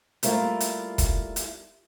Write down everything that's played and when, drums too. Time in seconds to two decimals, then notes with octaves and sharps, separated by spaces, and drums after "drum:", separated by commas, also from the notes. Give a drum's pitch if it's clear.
0.23 G3 A3 A#3 E4 F4, drum: hi-hat
0.60 drum: hi-hat
0.98 drum: kick, hi-hat
1.36 drum: hi-hat